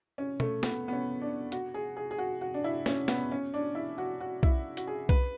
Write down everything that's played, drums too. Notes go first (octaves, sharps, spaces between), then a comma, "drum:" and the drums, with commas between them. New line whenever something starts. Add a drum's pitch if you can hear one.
C#4
A3, drum: tom B2
B3, drum: snare
B3
C#4
D4
F#4, drum: hi-hat
G#4
G#4
G#4
F#4
F#4
D4
E4
C#4, drum: snare
B3, drum: snare
C#4
D4
E4
F#4
F#4
E4, drum: kick B1
F#4, drum: hi-hat
G#4
B4, drum: kick B1